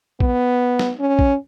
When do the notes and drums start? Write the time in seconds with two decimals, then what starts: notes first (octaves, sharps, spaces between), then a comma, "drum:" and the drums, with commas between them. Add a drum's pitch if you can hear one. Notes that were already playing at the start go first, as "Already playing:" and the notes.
0.20 B3, drum: kick
0.79 drum: snare
1.00 C#4
1.19 drum: kick